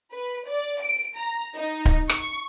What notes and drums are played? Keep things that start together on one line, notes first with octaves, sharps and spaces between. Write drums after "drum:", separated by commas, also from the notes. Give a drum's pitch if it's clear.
B4
D5
D7
A#5
D#4
drum: kick D1
C#6, drum: rim click